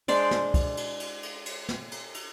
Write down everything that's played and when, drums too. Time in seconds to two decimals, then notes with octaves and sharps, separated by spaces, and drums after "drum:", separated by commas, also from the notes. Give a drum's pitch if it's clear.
0.08 G#3 D4 C5 D5, drum: cymbal
0.31 drum: snare
0.54 drum: kick, cymbal
0.77 drum: cymbal
1.00 drum: cymbal
1.23 drum: cymbal
1.46 drum: cymbal
1.69 drum: snare
1.91 drum: cymbal
2.14 drum: cymbal